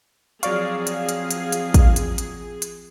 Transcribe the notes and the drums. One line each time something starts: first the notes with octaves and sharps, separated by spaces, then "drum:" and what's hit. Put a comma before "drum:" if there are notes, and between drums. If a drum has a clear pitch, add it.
F3 F#3 C4 G#4 D5 F5 C#6, drum: hi-hat
drum: hi-hat
drum: hi-hat
drum: hi-hat
drum: hi-hat
drum: kick, hi-hat
drum: hi-hat
drum: hi-hat
drum: hi-hat